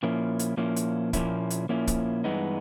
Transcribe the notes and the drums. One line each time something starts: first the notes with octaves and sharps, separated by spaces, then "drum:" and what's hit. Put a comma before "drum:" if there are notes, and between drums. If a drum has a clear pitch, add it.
A#2 F3 A#3 C#4 E4
drum: hi-hat
A#2 F3 A#3 C#4 E4
drum: hi-hat
A#2 F3 A#3 C#4 E4, drum: kick, hi-hat
drum: hi-hat
A#2 F3 A#3 C#4 E4
drum: kick, hi-hat
G2 E3 G#3 B3 D#4